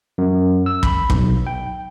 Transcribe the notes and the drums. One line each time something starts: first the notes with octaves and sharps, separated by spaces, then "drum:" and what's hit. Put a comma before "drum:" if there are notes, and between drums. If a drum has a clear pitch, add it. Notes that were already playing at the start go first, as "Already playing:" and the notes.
F#2
E6
B5, drum: kick
B1, drum: kick
G5